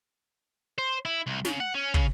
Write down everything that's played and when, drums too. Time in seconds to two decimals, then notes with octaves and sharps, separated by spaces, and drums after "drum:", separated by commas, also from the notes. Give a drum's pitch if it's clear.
0.78 C5
1.05 E4
1.27 C2
1.45 C#3, drum: snare
1.60 F#5
1.75 C#4
1.94 C#3, drum: kick